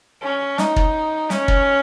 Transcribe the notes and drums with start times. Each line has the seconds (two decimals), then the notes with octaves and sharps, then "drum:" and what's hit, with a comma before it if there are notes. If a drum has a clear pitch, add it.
0.22 C#4
0.58 D#4, drum: snare
0.76 drum: kick
1.30 C#4, drum: snare
1.48 drum: kick